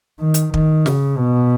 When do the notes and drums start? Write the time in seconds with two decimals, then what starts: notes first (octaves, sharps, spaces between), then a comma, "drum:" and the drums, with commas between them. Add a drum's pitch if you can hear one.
0.20 D#3
0.34 drum: hi-hat
0.54 D#3, drum: kick
0.86 C#3, drum: snare
1.17 B2